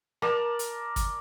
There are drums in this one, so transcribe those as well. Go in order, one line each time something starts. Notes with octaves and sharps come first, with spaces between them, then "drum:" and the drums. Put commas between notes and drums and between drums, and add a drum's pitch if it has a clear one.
A#4 D5 A5, drum: rim click
drum: hi-hat
drum: kick, hi-hat